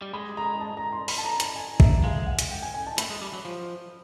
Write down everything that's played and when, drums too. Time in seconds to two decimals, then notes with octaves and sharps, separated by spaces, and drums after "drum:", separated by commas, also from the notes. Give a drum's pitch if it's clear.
0.02 G3
0.13 G#3 B5
0.37 A#5
0.61 A5
0.77 A#5
0.92 C6
1.08 B5, drum: open hi-hat
1.18 A5
1.24 A#5
1.40 A5, drum: hi-hat
1.56 G#5
1.80 E5, drum: kick
2.04 G#3 F5
2.27 F#5
2.39 drum: hi-hat
2.51 G5
2.62 G#5
2.74 G#5
2.87 A5
2.98 A3 B5, drum: hi-hat
3.10 G#3
3.21 G3
3.33 F#3
3.45 F3